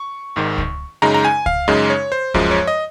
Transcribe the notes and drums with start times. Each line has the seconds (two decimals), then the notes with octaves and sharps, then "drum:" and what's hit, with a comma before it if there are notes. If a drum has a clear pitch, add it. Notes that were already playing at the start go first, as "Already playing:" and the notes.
Already playing: C#6
0.36 G#1 G#2 D#3
0.58 drum: kick C#2
1.02 F#2 C#3 G#3 D#4 A#5
1.14 A#5
1.25 G#5
1.46 F5, drum: kick C#2
1.68 F#2 C#3 G#3 D#4
1.90 C#5
2.12 C5
2.34 F#2 F3 G#3, drum: kick C#2
2.51 C#5
2.67 D#5